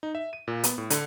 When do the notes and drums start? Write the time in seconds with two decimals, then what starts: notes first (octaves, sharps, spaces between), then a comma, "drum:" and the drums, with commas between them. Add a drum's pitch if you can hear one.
0.03 D#4
0.15 E5
0.33 D#7
0.48 A#2
0.64 B3, drum: hi-hat
0.78 A2
0.90 D3, drum: hi-hat